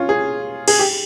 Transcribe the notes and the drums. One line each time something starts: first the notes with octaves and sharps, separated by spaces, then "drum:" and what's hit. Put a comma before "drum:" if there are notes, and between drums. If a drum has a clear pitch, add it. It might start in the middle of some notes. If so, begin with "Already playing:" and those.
Already playing: C#4 F4
G#4
G#4, drum: cymbal
G4